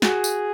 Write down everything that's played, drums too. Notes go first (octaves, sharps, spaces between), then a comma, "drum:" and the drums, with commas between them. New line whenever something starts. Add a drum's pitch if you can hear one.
F#4 G#4, drum: snare
drum: tambourine